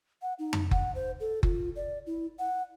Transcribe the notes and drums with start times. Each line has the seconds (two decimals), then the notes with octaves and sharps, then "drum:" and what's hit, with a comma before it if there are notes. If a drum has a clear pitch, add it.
0.22 F#5
0.39 D#4
0.53 drum: tom F2
0.71 F#5, drum: kick F#1
0.95 C5
1.20 A4
1.43 F4, drum: kick F#1
1.76 D5
2.07 E4
2.39 F#5